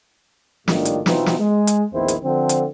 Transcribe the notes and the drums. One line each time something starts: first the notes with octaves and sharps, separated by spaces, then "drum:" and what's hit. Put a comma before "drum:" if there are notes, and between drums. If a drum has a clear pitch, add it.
A#1 A2 D#3 G3 D4 F4, drum: snare
drum: hi-hat
B2 E3 B3 C4 D#4 F4, drum: snare
drum: snare
G#3
drum: hi-hat
A#1 E2 D#3 C4 E4 C5
drum: hi-hat
D3 F3 C4
drum: hi-hat